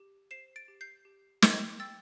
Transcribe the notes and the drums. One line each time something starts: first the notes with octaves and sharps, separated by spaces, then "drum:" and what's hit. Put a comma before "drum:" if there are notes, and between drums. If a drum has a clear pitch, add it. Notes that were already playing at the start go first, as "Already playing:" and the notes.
Already playing: G4
C5 C7 E7
A6 D7
G4
G6 C7
G4
G5, drum: snare
G5 E6 A6